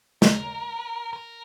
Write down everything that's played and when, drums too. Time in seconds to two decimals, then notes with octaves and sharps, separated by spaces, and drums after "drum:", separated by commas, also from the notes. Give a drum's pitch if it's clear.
0.22 A#4, drum: snare
1.13 A#4